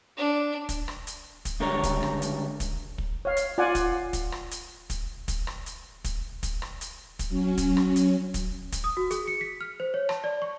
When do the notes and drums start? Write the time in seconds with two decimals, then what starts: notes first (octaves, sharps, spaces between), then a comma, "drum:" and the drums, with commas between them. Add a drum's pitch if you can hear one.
0.17 D4
0.69 drum: kick, hi-hat
0.88 drum: rim click
1.07 drum: hi-hat
1.45 drum: kick, hi-hat
1.60 C#2 D3 G3 A#4 C#5
1.84 drum: kick, hi-hat
2.03 drum: rim click
2.22 drum: hi-hat
2.60 drum: kick, hi-hat
2.98 drum: kick
3.25 C#5 F5
3.37 drum: hi-hat
3.58 F4 D5 F#5 G#5
3.75 drum: kick, hi-hat
4.13 drum: kick, hi-hat
4.32 drum: rim click
4.51 drum: hi-hat
4.90 drum: kick, hi-hat
5.28 drum: kick, hi-hat
5.47 drum: rim click
5.66 drum: hi-hat
6.04 drum: kick, hi-hat
6.43 drum: kick, hi-hat
6.62 drum: rim click
6.81 drum: hi-hat
7.19 drum: kick, hi-hat
7.29 F#3 C#4
7.58 drum: kick, hi-hat
7.77 drum: rim click
7.96 drum: hi-hat
8.34 drum: kick, hi-hat
8.72 drum: kick, hi-hat
8.84 D#6
8.97 F#4
9.11 G#4, drum: hi-hat
9.27 C#7
9.41 B6
9.61 F6
9.80 C5
9.94 C#5
10.09 A5, drum: rim click
10.24 D5
10.42 C#6